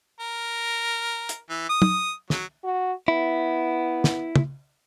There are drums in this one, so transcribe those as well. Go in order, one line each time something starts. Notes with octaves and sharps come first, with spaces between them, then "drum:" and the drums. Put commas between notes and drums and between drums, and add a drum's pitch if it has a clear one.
A#4
drum: hi-hat
E3
D#6
drum: tom
F#3, drum: snare
F#4
B3 E4
drum: snare
drum: tom